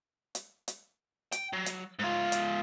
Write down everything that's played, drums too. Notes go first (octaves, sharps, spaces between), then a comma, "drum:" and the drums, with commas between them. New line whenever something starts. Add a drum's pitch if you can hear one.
drum: hi-hat
drum: hi-hat
G5, drum: hi-hat
F#3
drum: hi-hat
G#2 F4
drum: hi-hat